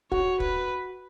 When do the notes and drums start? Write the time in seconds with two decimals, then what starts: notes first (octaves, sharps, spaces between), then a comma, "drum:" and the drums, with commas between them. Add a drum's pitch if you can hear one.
0.12 F#4 C#5, drum: kick
0.40 B4, drum: kick